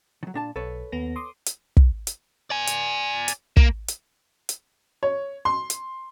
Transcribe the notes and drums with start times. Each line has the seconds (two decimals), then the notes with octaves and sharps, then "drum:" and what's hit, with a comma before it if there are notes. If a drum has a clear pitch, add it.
0.23 D#3 F#3
0.34 A#2 D4 A5
0.56 B1 A4 B4 C#5
0.92 D#2 B3 A#6
1.16 C6 D6 D#6
1.46 drum: hi-hat
1.77 drum: kick
2.07 drum: hi-hat
2.50 D5 G#5
2.67 drum: hi-hat
3.28 drum: hi-hat
3.57 A#3, drum: kick
3.88 drum: hi-hat
4.49 drum: hi-hat
5.03 C#5
5.45 C6
5.70 drum: hi-hat